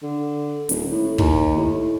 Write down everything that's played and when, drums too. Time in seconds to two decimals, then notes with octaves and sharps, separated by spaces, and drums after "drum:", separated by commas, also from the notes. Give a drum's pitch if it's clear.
0.02 D3
0.69 D#1, drum: hi-hat
0.91 A2
1.18 D#2, drum: kick
1.56 A2